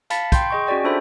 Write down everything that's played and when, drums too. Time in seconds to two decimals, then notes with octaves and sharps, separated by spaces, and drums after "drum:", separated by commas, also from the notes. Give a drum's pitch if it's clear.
0.10 F5 A5 B5 A6 B6 C#7, drum: hi-hat
0.32 G5 B5 C6 G6, drum: kick, hi-hat
0.51 G#4 D#5 C#6
0.67 C#4 F#4 G#4 D5 G5
0.84 D4 F4 A4 C5 E5 B5